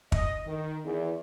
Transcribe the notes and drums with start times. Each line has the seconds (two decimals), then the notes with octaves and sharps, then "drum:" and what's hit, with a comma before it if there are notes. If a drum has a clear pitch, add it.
0.12 D#5, drum: kick
0.47 D#3
0.85 E2